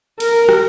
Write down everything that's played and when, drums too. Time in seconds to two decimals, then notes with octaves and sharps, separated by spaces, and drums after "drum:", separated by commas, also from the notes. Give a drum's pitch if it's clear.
0.20 A#4, drum: cymbal
0.49 drum: rim click